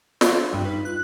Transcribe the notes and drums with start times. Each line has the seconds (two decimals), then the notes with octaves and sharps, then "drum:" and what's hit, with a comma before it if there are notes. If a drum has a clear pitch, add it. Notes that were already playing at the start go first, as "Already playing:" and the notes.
0.21 C6, drum: snare
0.34 D4
0.53 G2 G3
0.65 D#4 B4
0.85 F4 F#6